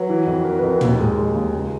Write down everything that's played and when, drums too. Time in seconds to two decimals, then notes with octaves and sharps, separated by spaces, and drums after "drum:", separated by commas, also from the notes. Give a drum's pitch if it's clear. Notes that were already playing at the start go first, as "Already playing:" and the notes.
Already playing: F#3 B4
0.09 E3
0.27 F2
0.45 E3 A#4
0.59 F2 B4
0.72 A#4
0.81 D#2, drum: tom
0.99 G#3
1.18 G#3
1.35 D#2
1.53 C#2